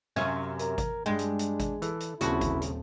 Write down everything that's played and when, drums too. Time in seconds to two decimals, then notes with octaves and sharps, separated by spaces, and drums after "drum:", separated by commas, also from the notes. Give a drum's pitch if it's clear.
0.16 F#2 C3 C#4 F5 G#6
0.59 A#4, drum: hi-hat
0.78 drum: kick G#1, hi-hat
1.06 G2 G#3 D4 G5
1.19 drum: hi-hat
1.39 drum: hi-hat
1.60 drum: kick G#1, hi-hat
1.82 E3 A4, drum: hi-hat
2.00 drum: hi-hat
2.21 D#1 A#2 C#3 C4 E4 F#4 A5, drum: hi-hat
2.41 drum: kick G#1, hi-hat
2.62 drum: hi-hat